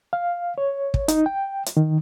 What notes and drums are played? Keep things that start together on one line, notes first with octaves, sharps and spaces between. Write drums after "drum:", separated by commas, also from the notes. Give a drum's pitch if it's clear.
F5
C#5
drum: kick
D#4, drum: hi-hat
G5
drum: hi-hat
D#3